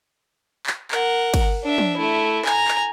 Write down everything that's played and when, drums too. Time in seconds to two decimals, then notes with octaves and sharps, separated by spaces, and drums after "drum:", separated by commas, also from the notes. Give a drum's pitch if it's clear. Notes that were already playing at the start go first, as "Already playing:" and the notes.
0.67 drum: clap
0.91 A#4 F#5, drum: clap
1.34 drum: kick, cymbal
1.64 D4 E5
1.78 drum: tom
1.97 A3 E4
2.45 G#5 A#5, drum: clap
2.68 drum: clap